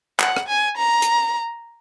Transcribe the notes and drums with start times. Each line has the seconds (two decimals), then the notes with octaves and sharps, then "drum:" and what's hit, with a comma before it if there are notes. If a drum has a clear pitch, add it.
0.20 F#5, drum: clap
0.36 drum: rim click
0.48 G#5
0.77 A#5
1.02 drum: hi-hat